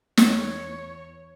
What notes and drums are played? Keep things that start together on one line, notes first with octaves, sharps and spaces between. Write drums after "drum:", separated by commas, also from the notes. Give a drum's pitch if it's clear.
E2 C#5, drum: snare